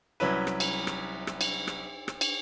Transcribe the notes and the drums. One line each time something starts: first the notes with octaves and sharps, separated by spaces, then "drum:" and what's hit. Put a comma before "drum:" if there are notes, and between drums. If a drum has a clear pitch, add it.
C2 F#3 C#4 E4 B4
drum: rim click
drum: cymbal
drum: rim click
drum: rim click
drum: cymbal
drum: rim click
drum: rim click
drum: cymbal